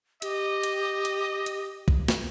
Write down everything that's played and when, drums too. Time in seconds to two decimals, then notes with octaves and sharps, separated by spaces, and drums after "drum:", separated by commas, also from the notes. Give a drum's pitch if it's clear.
0.22 G4 D#5, drum: hi-hat
0.63 drum: hi-hat
1.05 drum: hi-hat
1.46 drum: hi-hat
1.88 drum: kick
2.08 drum: snare